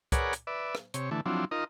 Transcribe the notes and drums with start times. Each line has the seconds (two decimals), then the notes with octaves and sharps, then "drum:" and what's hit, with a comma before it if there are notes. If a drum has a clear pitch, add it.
0.12 G#4 A#4 B4 C#5 D5 F#5, drum: kick C2, hi-hat
0.33 drum: hi-hat
0.47 B4 D5 E5
0.75 drum: rim click
0.94 C3 C#5, drum: hi-hat
1.11 D3 E3 A3
1.26 F3 F#3 C4 D4 E4
1.51 D#4 F4 A#4 D#5